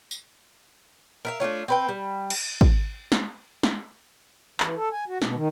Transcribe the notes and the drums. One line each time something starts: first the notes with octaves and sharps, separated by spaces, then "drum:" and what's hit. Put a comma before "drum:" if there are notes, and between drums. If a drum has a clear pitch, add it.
drum: tambourine
A#4 E5 F5
A3 D4 F4 C#5
C4 B4 G5
G3
drum: cymbal
drum: kick
drum: snare
drum: snare
E3, drum: clap
A4
G#5
F#4
B2, drum: snare
D#3